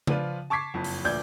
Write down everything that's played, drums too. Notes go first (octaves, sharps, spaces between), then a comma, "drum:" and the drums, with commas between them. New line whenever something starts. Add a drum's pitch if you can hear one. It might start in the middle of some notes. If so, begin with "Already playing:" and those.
F3 F4 B4 D5 D#7, drum: tom C#3
A5 C#6 D6 G#6 B6 C7
F#1 F2
drum: open hi-hat
F1 D2 A#2 D5 G6 G#6